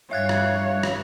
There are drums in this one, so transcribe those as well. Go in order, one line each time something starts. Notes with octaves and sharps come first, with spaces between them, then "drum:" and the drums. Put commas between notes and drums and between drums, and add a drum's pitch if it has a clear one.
G2 C#5 E5 F5 F#6 G#6
drum: rim click
drum: rim click